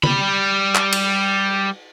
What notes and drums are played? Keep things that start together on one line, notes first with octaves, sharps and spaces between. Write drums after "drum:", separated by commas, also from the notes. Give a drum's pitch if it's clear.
G3 B5, drum: tom D3
drum: clap
drum: cymbal